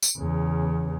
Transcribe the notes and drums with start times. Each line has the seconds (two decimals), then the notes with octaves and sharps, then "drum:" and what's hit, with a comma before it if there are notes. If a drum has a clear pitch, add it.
0.03 drum: tambourine
0.18 E2 C#3